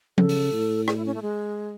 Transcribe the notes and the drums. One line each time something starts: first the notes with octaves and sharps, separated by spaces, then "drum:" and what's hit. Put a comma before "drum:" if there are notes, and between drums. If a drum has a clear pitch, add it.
C#3 A4, drum: tom F3
drum: open hi-hat
A2
G#4, drum: rim click
E4
C#4
A3
G#3